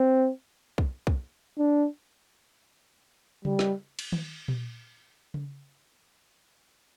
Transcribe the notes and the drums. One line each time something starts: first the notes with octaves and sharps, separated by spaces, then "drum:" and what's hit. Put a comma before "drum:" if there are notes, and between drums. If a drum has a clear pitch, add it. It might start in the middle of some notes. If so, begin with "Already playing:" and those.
Already playing: C4
drum: kick
drum: kick
D4
G3, drum: tom C#3
drum: snare
drum: cymbal
drum: tom D#3
drum: tom A#2
drum: tom C#3